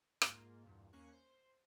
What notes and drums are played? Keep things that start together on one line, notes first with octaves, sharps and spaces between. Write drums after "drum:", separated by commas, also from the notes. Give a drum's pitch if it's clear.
G#2 A#3 F4, drum: rim click
E2 G2 A#2
D#2 A#3 C#4 C#6 F#6
C5